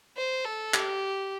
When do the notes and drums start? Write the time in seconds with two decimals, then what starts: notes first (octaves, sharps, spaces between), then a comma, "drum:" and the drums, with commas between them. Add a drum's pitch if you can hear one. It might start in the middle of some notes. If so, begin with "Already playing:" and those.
0.17 C5
0.45 A4
0.74 G4, drum: clap